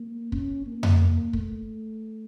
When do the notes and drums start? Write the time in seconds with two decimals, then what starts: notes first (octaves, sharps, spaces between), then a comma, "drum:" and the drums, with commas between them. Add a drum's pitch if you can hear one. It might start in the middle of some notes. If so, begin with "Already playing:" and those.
Already playing: A#3
0.32 C#4, drum: kick
0.66 A#3
0.83 drum: tom F2
0.99 A#3
1.33 A3, drum: kick